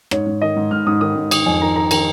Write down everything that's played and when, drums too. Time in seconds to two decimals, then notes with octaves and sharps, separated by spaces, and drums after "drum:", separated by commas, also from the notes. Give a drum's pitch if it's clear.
0.11 G#2 C#5, drum: rim click
0.27 G#2
0.42 D#3 D#5
0.56 G#2
0.71 G#2 F6
0.87 G#2 D#6
1.01 D#3 D#6
1.16 G#2
1.31 D#3 D#6, drum: cymbal
1.46 F2 G#5
1.61 D#3 A#5
1.76 D#3 A#5
1.91 D#3 A#5, drum: cymbal